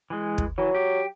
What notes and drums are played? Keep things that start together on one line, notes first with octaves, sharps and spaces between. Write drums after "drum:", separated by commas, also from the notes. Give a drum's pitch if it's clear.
E3 G#3
drum: kick
E3 F#3
G4